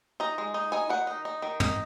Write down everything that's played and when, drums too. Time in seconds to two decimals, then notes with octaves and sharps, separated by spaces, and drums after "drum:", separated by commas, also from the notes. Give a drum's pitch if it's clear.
0.20 D#4 A#5
0.38 G#3
0.54 D#4
0.72 D#4 G#5
0.89 D#3 F#5
1.07 D#4
1.25 D#4
1.42 D#3
1.60 D#4, drum: tom